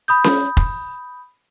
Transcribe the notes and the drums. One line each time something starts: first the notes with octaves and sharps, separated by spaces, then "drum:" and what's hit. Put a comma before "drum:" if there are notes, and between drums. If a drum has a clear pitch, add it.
B5 D#6 G6
drum: snare C#4
drum: kick F1